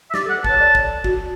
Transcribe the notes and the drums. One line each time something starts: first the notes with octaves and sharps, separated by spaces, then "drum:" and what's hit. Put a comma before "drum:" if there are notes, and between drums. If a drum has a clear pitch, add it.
E5
G4 D5, drum: snare
A4 F#5
B4
C#5 A5, drum: kick
D5
drum: kick
F#4, drum: kick